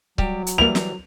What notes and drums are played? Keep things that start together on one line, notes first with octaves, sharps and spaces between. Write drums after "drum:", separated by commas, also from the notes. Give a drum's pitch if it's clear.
F#3 G3 G4, drum: kick C#1
drum: hi-hat
E3 G3 A#3 E4 F7
drum: snare